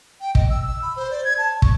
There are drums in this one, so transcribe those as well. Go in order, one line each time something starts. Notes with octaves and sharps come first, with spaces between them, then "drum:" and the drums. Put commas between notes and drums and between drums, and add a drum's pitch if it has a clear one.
G5
D#5, drum: kick
E6
E6
B5
C5
D5
G#6
A5
C#6, drum: kick